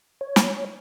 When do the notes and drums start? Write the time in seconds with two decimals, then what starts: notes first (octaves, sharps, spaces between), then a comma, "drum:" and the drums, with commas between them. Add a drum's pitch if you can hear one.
0.21 C#5
0.36 drum: snare